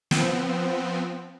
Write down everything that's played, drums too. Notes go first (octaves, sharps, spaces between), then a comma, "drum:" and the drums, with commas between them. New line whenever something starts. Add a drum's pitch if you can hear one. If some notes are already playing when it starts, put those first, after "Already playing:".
F3 B3 C4, drum: snare